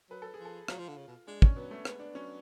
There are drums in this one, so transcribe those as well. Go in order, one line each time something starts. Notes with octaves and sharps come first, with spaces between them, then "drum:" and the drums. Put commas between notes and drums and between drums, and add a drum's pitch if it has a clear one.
F#3 B4
A4
G#4
F3
A4
F#3 F4, drum: rim click
F3
D3
C#3
B2
G#3 D4
C#4, drum: kick
F#3 B3
A3
G#3 B3, drum: rim click
D4
F#3 C#4